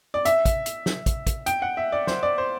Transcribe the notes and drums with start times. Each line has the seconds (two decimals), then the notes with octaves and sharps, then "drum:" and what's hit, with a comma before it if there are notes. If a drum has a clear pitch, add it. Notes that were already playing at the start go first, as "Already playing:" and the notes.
0.14 D5
0.25 E5, drum: hi-hat
0.45 drum: kick, hi-hat
0.66 drum: hi-hat
0.86 drum: snare
1.06 drum: kick, hi-hat
1.27 drum: kick, hi-hat
1.46 G5, drum: hi-hat
1.62 F#5
1.77 E5
1.92 D5
2.07 C5, drum: snare
2.23 D5
2.38 C5